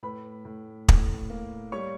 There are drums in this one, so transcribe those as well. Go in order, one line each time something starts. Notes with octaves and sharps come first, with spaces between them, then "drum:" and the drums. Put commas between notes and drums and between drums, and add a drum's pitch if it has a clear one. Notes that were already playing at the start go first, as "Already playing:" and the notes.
A2 B4 B5
A2
A2, drum: kick
A#3
G3 C#5 C#6